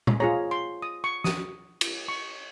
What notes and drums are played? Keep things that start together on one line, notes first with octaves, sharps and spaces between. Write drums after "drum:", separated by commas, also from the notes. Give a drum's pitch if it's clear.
drum: tom
F4 G#4 C#5 A#5
C6
D#6
C#6
D#6, drum: snare
drum: cymbal
C#6